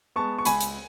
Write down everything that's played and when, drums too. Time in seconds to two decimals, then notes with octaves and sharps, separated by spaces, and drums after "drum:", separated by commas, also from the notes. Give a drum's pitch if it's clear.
0.16 G#3 B3 A5 C#6
0.39 C#6
0.45 C#2 G#5 B5, drum: hi-hat
0.61 drum: hi-hat